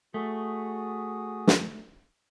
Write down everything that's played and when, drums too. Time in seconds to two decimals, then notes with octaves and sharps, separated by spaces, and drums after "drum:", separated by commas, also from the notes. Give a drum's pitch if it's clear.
0.14 A3 F#4 G#4 D#6
1.47 drum: snare